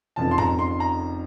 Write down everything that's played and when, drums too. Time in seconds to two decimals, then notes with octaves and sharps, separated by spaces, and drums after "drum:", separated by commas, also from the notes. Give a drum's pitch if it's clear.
0.16 F1 F2 C#3 F3 A5
0.31 C6
0.38 A#5, drum: tom G#2
0.59 C6
0.80 A#5